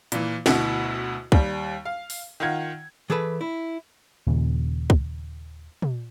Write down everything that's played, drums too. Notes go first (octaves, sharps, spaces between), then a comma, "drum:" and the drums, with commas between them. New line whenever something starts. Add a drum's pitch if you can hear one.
A#2 E3, drum: hi-hat
D2 B2 E4 F#5, drum: snare
D#2 G3, drum: kick
F5
drum: open hi-hat
D#3 F4 F#5 G#6
E3 G#4 A4 B4
E4
D#1 D#2 A#2 C#3
drum: kick
drum: tom